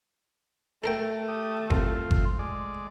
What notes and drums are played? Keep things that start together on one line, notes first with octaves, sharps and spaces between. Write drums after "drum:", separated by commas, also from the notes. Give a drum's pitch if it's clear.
A3 A4 A#4 G5
G4 D#6
C2 C4 F4, drum: kick G1
drum: kick G1
G#3 D5